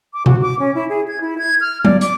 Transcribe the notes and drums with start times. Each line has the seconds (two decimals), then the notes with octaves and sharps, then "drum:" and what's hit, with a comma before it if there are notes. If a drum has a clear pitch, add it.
0.13 D6
0.26 F#4, drum: tom B2
0.41 D6
0.59 C#4
0.75 E4
0.89 G#4
1.08 G#6
1.21 E4
1.38 G#6
1.61 F6
1.85 D5, drum: tom F#3
2.01 D6, drum: hi-hat